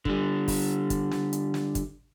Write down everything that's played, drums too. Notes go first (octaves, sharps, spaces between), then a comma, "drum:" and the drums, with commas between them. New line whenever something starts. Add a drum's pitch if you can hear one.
D3 G3, drum: kick
drum: kick, open hi-hat
drum: kick, hi-hat
drum: snare
drum: hi-hat
drum: snare
drum: kick, hi-hat